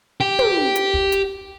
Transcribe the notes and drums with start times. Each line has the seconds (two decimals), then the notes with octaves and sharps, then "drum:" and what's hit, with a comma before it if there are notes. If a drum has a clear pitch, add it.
0.20 G4
0.39 drum: tom
0.75 drum: hi-hat
0.94 drum: kick
1.12 drum: hi-hat